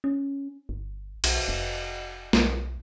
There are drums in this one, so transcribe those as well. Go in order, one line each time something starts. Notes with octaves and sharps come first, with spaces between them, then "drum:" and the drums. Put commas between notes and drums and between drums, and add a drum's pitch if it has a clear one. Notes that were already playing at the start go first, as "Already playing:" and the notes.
C#4
G1
B1, drum: cymbal
F1
B1, drum: snare